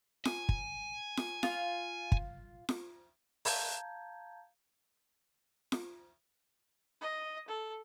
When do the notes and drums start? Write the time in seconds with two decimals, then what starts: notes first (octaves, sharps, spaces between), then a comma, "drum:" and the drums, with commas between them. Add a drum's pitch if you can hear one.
0.25 G#5, drum: snare F4
0.49 drum: kick
1.17 drum: snare F4
1.43 F4, drum: snare F4
2.12 drum: kick
2.69 drum: snare F4
3.45 F5 A5 A#5 G6 G#6, drum: open hi-hat
5.72 drum: snare F4
7.01 D#5
7.48 A4